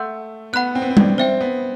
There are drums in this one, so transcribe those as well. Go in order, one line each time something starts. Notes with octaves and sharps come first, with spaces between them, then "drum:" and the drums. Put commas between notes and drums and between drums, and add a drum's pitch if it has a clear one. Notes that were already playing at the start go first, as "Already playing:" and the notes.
Already playing: A3 F#5 C6 E6 G6
B3 F#5 B5 F#6
C4
B3
C4
D4, drum: tom G3
C4 C5 E5 G5
B3